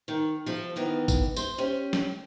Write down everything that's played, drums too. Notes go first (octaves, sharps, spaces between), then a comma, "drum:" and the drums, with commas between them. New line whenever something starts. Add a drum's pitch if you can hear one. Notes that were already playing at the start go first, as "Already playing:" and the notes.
D#3
F3 A4
D#3 E3 B3
drum: kick, tambourine
C5, drum: tambourine
C#4 G4
drum: snare